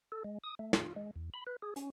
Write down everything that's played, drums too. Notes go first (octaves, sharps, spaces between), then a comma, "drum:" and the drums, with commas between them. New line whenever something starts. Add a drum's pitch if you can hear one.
A4
G#3
D#6
A3
F4, drum: snare
G#3
E2
B5
B4
G#4
C#4, drum: hi-hat